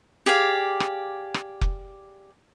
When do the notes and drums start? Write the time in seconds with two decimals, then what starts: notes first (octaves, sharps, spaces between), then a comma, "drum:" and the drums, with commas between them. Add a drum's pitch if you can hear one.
0.26 G4 G#4 D5 F5
0.80 drum: rim click
1.34 drum: rim click
1.61 drum: kick F1